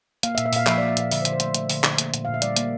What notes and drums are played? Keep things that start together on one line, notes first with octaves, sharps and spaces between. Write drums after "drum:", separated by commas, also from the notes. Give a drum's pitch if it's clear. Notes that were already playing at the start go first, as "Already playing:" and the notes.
A#3 F5, drum: hi-hat
E5
A#2, drum: hi-hat
E5
A#2 F5, drum: open hi-hat
F3 E5, drum: clap
A#3 D5
E5
A#2 F5, drum: hi-hat
D3 E5, drum: open hi-hat
C5
D3, drum: hi-hat
C5
A3, drum: hi-hat
A3 E5, drum: hi-hat
D3, drum: open hi-hat
D3, drum: clap
A#3, drum: hi-hat
A#2, drum: hi-hat
A#2 F5
E5
G3 D5, drum: hi-hat
A#3, drum: hi-hat